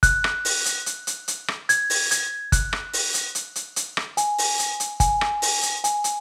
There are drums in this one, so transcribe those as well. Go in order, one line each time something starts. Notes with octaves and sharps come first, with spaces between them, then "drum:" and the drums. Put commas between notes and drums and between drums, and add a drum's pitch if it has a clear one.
F#6, drum: kick G1, hi-hat
drum: rim click
drum: open hi-hat
drum: hi-hat
drum: hi-hat
drum: hi-hat
drum: hi-hat
drum: rim click
G#6, drum: hi-hat
drum: open hi-hat
G#6, drum: hi-hat
F#6, drum: kick G1, hi-hat
drum: rim click
drum: open hi-hat
drum: hi-hat
drum: hi-hat
drum: hi-hat
drum: hi-hat
drum: rim click
G#5, drum: hi-hat
drum: open hi-hat
drum: hi-hat
drum: hi-hat
G#5, drum: kick G1, hi-hat
drum: rim click
drum: open hi-hat
drum: hi-hat
G#5, drum: hi-hat
drum: hi-hat